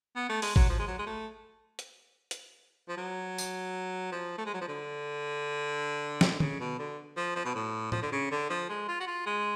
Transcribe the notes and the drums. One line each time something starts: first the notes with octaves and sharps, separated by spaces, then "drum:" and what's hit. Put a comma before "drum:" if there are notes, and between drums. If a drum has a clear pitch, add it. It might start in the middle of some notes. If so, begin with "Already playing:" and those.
B3
A3
G#3, drum: open hi-hat
F#3, drum: kick G#1
F3
G#3
F#3
G#3
A3
drum: hi-hat
drum: hi-hat
F3
F#3
drum: tambourine
F3
A3
G#3
F#3
F3
D3
drum: snare
C#3, drum: tom
B2
D3
F3
F3
B2
A2
F3, drum: tom
D3
C#3
D3
F3
G#3
F4
F#4
F4
G#3